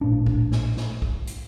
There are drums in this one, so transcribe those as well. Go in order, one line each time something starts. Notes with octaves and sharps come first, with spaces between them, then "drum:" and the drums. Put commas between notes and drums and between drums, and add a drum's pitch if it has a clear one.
A#1 A2 D4
drum: kick
drum: snare
drum: snare
drum: kick
drum: hi-hat